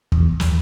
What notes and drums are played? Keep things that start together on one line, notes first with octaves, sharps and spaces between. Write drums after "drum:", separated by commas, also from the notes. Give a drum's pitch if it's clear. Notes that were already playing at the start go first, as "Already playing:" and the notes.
E2, drum: kick
drum: snare